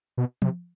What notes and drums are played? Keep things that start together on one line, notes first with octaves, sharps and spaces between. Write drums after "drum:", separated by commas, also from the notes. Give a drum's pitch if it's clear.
B2
C3, drum: tom F3